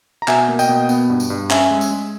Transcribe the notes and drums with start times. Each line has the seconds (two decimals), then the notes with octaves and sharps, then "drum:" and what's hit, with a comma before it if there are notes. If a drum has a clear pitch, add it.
0.22 A#5
0.28 B2 E5 G#5, drum: clap
0.49 A#3
0.59 D#5 G5, drum: tambourine
0.69 B2
0.89 B3, drum: tambourine
1.10 G2
1.20 drum: tambourine
1.30 G2
1.50 C#4 E5 G#5, drum: clap
1.71 G#3
1.81 drum: tambourine
1.91 G#3